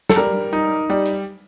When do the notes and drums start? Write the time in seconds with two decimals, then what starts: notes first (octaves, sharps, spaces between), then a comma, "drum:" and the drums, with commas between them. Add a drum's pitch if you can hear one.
0.09 A4, drum: snare
0.16 G3 A#4
0.53 D#4
0.90 G3
1.05 drum: hi-hat